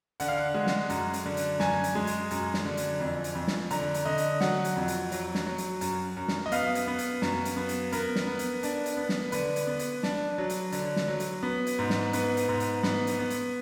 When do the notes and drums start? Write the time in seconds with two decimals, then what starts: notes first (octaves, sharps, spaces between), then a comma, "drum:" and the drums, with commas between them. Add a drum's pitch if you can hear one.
0.20 D3 F#5, drum: hi-hat
0.28 F5
0.37 F#5
0.54 G#3
0.67 drum: snare
0.90 F#2, drum: hi-hat
1.14 drum: hi-hat
1.26 D3
1.37 drum: hi-hat
1.60 F#2 G#5, drum: snare
1.84 drum: hi-hat
1.95 G#3
2.07 drum: hi-hat
2.31 F#2, drum: hi-hat
2.54 drum: snare
2.65 D3
2.77 drum: hi-hat
3.00 F2
3.24 drum: hi-hat
3.35 F2
3.48 drum: snare
3.71 D3 A#5, drum: hi-hat
3.94 drum: hi-hat
4.05 D3 D#5
4.18 drum: hi-hat
4.41 F#3 F#5, drum: snare
4.65 drum: hi-hat
4.76 F2
4.88 drum: hi-hat
5.12 F#3, drum: hi-hat
5.35 drum: snare
5.46 F#3
5.58 drum: hi-hat
5.81 F#2, drum: hi-hat
6.17 F#2
6.28 drum: snare
6.46 D#5
6.52 B3 F5, drum: hi-hat
6.75 drum: hi-hat
6.87 B3
6.99 drum: hi-hat
7.22 F#2, drum: snare
7.45 drum: hi-hat
7.56 B3
7.69 drum: hi-hat
7.92 B3 A#4, drum: hi-hat
8.16 drum: snare
8.27 B3
8.39 drum: hi-hat
8.63 D4, drum: hi-hat
8.86 drum: hi-hat
8.97 B3
9.09 drum: snare
9.32 D3 B4, drum: hi-hat
9.56 drum: hi-hat
9.67 B3
9.79 drum: hi-hat
10.03 D4, drum: snare
10.38 F#3
10.50 drum: hi-hat
10.72 D3, drum: hi-hat
10.96 drum: snare
11.08 F#3
11.20 drum: hi-hat
11.43 B3
11.67 drum: hi-hat
11.79 G#2
11.90 drum: snare
12.13 B3 B4, drum: hi-hat
12.37 drum: hi-hat
12.49 G#2
12.60 drum: hi-hat
12.83 B3, drum: snare
13.07 drum: hi-hat
13.19 B3
13.30 drum: hi-hat